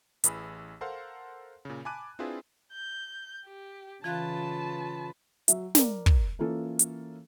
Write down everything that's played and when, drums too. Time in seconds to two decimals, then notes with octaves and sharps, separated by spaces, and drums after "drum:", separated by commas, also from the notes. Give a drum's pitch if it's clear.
0.24 A1 E3 G#4 B5 E6, drum: hi-hat
0.81 A4 A#4 C5 F5 F#5 C6
1.65 A#2 C#3
1.85 G#5 A5 B5 D6 F#6 D#7
2.19 C4 D4 E4 F4 G#4 B4
2.73 G6
3.46 G4
4.04 C#3 E3 F4 B4 F5 A5 F#6
5.48 F#3 E5, drum: hi-hat
5.75 A#4 D5, drum: snare
6.06 drum: kick
6.39 E3 A#3 C#4 F4 A4
6.79 drum: hi-hat